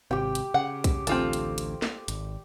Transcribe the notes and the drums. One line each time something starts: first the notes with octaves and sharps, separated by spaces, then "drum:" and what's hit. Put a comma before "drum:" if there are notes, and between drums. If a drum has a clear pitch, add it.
G#1 C3 G4 G5
drum: hi-hat
C#3 F#5
drum: kick C2, hi-hat
A1 D2 C4 F4 A4, drum: hi-hat
drum: hi-hat
drum: hi-hat
drum: snare
G#1, drum: hi-hat